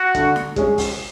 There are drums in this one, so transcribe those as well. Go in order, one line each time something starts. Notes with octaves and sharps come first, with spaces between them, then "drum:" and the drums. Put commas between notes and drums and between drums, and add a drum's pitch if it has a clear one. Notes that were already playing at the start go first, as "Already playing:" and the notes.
Already playing: F#4
D3, drum: kick, hi-hat
drum: snare
G#3 C#4 G#4, drum: kick, hi-hat
drum: kick, open hi-hat